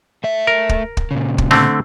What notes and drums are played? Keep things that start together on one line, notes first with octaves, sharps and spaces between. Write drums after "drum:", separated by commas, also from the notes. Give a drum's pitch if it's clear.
A3 E5
A#4
drum: kick
drum: kick
A#2 C#3
drum: kick
D3 A3 C4, drum: rim click